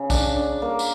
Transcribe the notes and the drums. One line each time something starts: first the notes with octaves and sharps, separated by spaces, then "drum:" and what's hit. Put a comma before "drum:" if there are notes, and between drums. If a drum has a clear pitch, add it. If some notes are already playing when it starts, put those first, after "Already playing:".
Already playing: C#3
D4, drum: kick B1, tambourine
D4
A#3
drum: tambourine